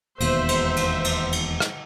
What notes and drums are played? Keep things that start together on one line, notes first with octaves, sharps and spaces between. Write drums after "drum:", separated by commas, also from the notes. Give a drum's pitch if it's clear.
E1 D#2 B2 C5 E5, drum: cymbal
drum: cymbal
drum: cymbal
drum: cymbal
drum: cymbal
drum: rim click